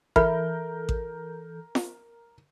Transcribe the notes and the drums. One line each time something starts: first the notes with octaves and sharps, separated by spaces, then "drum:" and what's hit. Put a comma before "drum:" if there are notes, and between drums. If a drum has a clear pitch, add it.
E3 A4 A#4 E5 B5 F6 G6, drum: kick A1
drum: kick A1
drum: snare